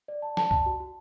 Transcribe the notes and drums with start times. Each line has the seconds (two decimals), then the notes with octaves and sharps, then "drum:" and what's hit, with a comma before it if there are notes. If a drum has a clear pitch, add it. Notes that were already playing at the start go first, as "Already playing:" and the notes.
0.08 D5
0.22 A5
0.37 A5, drum: snare
0.51 A5, drum: kick C#2
0.66 F#4
0.80 F#4